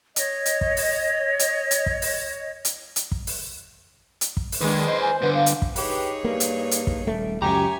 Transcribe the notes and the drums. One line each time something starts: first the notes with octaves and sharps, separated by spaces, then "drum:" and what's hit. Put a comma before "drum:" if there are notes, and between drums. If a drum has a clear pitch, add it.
C#5 D#5, drum: hi-hat
drum: hi-hat
drum: kick
drum: open hi-hat
drum: hi-hat
drum: hi-hat
drum: kick
drum: open hi-hat
drum: hi-hat
drum: hi-hat
drum: kick
drum: open hi-hat
drum: hi-hat
drum: kick
drum: open hi-hat
D#3 G#3 D4 G#4 B4
C5 D#5
G#5
G2 D3 B4
F5
drum: hi-hat
drum: kick
D#4 G4 G#4 B4 C#5, drum: open hi-hat
G2 A#3
drum: hi-hat
drum: hi-hat
drum: kick
D#1 G3 A3
C#2 F#2 G4 C#5 E5 G#5 A#5